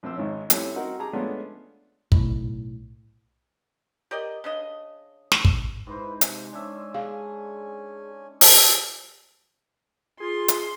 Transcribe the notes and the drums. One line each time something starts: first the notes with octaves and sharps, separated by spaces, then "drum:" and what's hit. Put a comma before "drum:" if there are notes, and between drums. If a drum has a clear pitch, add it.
A#1 C4 E6
G#1 G#2 C#4
G3 A3 C4 C#4 E4, drum: hi-hat
C4 D#4 F#4 A#4 F#5
G4 G#4 A5 A#5
G#3 A3 B3 C#4 D4 F4
B1 A2, drum: kick
G4 A#4 D5 D#5
C#3 D4 D#5
drum: snare
drum: kick
G#2 E4 B4 C5
C3, drum: hi-hat
C#4 D4 E5 G#5
G#4 F5
C5, drum: open hi-hat
F4 G#4 C6
drum: hi-hat